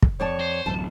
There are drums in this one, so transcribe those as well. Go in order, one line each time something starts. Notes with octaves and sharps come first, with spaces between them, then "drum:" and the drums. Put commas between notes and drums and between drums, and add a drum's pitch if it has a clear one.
drum: kick
F2 C#5 D5 A5
C5
D1 A1 F#2 A5